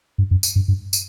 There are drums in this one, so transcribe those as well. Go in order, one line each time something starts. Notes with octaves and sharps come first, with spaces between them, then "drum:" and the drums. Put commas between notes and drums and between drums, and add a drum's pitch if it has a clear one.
G2
F#2
drum: tambourine
G2
G2
drum: tambourine